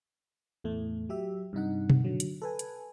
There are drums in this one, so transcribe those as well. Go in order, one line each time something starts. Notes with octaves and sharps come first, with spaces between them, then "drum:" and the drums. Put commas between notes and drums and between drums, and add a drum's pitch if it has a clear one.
E2 A2 A3
F#3 G4 E5
G2 C3 D#4 F#5
drum: tom B2
D3 F#3
drum: hi-hat
A4 B4 G#5
drum: hi-hat